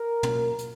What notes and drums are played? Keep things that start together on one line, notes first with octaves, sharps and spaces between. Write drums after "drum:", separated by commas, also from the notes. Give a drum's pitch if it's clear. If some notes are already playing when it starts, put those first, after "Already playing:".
Already playing: A#4
A#2 F#3 A#3, drum: tom
drum: hi-hat